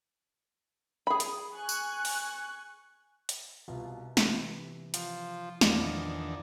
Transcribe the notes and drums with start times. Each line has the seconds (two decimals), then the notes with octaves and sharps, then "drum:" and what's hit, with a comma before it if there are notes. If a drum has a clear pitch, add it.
1.07 G#4 B5
1.20 drum: hi-hat
1.53 G#5 C#6 F#6
1.69 drum: tambourine
2.05 drum: open hi-hat
3.29 drum: hi-hat
3.68 C2 B2 F4
4.17 C3 E3, drum: snare
4.94 F3, drum: hi-hat
5.61 E2 A#2 D#3 F3 D4, drum: snare